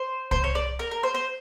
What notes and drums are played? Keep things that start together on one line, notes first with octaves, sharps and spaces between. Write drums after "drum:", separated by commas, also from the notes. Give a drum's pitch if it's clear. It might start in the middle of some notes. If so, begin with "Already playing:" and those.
Already playing: C5
C5, drum: kick C2
C#5
D5
A#4
A#4
C5
C5